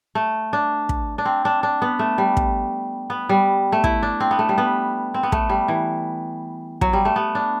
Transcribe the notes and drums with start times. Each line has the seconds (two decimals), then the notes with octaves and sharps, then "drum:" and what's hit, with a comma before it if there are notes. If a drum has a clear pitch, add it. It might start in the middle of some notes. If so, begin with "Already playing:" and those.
0.15 A3
0.53 D4
0.89 drum: kick
1.18 D4
1.25 C4
1.45 D4
1.63 D4
1.82 B3
1.99 A3
2.18 G3
2.37 drum: kick
3.10 B3
3.29 G3
3.72 A3
3.84 E4, drum: kick
4.03 D4
4.20 C4
4.31 B3
4.39 A3
4.49 G3
4.58 B3
5.14 C4
5.23 B3
5.32 A3, drum: kick
5.49 G3
5.68 E3
6.81 F#3, drum: kick
6.93 G3
7.05 A3
7.16 B3
7.35 D4